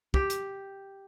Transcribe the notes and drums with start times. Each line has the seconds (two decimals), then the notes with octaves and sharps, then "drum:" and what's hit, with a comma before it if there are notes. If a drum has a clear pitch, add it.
0.14 G4, drum: kick
0.30 drum: hi-hat